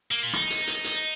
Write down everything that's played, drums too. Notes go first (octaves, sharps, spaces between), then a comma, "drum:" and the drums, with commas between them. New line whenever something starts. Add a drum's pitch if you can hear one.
A#3
F4
D#4, drum: rim click
drum: hi-hat
drum: hi-hat
drum: hi-hat